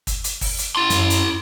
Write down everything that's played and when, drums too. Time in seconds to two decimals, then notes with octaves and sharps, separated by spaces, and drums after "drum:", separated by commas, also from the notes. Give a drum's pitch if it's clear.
0.07 drum: kick, hi-hat
0.24 drum: hi-hat
0.41 drum: kick, open hi-hat
0.58 drum: hi-hat
0.76 E4 C6
0.90 F#2, drum: hi-hat
1.10 drum: hi-hat